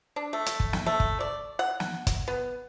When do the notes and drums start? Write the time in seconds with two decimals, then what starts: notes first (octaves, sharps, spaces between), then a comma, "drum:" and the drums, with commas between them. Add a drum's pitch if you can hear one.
0.16 D4
0.33 A3
0.46 drum: hi-hat
0.60 drum: kick
0.73 drum: snare
0.86 A3
1.00 drum: kick
1.20 D5
1.59 F#5
1.80 drum: snare
2.07 drum: kick, hi-hat
2.28 B3